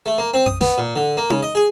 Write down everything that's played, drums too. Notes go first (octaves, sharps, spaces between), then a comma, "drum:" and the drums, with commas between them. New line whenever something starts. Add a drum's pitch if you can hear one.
A3
A#3
C4
D#6, drum: tom F2
B3, drum: snare
A#2
D3
A#3
C#3, drum: tom D#4
D#5
G#4